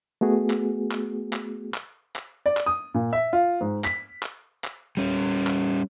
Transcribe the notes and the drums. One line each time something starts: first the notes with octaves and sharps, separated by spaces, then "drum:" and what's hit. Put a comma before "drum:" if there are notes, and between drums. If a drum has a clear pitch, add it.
A3 B3 F#4 G#4
drum: clap
drum: clap
drum: clap
drum: clap
drum: clap
D5
drum: clap
D#6
A#2
E5
F4
G#2
B6, drum: clap
drum: clap
drum: clap
G3 C#4
drum: clap